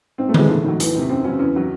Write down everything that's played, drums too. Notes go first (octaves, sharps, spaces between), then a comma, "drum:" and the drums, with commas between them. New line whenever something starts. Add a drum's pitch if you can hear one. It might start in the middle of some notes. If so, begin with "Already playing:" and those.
G#2 C4
A3
E3 G#3, drum: tom D3
G#2 A3
D#3 F#3
E2, drum: hi-hat
C3 D#3
F#2 C4
C#3 F#3 C#4
E2 C#4
D#3 F#3